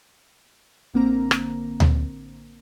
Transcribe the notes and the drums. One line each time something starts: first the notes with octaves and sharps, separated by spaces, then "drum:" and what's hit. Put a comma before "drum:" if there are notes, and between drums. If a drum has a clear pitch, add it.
A1 D3 A#3 C4 A#5
drum: rim click
drum: tom D2